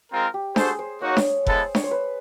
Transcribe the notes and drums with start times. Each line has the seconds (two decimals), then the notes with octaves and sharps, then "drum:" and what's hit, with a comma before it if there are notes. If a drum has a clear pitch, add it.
0.12 G#3 C4 F4 A#4
0.34 G4
0.56 F#4 G#4 A4 C5, drum: snare D4
0.79 C5
1.02 A#3 D#4 F#4 C#5
1.17 drum: snare D4
1.47 G#3 B3 E4 A4 C5, drum: kick F1
1.75 C#5, drum: snare D4
1.83 C5
1.91 B4